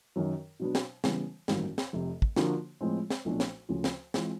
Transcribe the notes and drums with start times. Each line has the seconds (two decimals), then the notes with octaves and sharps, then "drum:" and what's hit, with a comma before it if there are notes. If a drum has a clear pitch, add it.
0.16 F#2 D#3 F#3
0.60 B2 F#3 B3 D4
0.75 drum: snare
1.04 C#3 E3 G3 B3, drum: snare
1.48 A1 G2 D#3 F#3 A#3, drum: snare
1.78 drum: snare
1.93 F1 F2 C3
2.22 drum: kick
2.36 D3 F3 A#3 D4 F#4, drum: snare
2.81 A2 F3 G#3 C4
3.10 drum: snare
3.25 B1 A#2 F3 A3 D4
3.40 drum: snare
3.69 D2 C#3 F3
3.84 drum: snare
4.14 E3 G#3 C4 F4, drum: snare